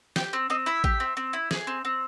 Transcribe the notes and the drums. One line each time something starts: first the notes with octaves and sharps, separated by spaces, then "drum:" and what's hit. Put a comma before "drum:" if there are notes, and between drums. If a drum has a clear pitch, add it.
G4 G5, drum: snare
C4
C4 D#5
E4 E5
G4, drum: kick A1
C4
C4
E4
G#4, drum: snare
C4
C4